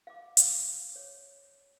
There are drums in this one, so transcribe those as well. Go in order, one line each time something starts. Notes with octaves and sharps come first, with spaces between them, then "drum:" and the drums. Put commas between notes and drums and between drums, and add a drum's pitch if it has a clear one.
F5 D6
drum: hi-hat
C#5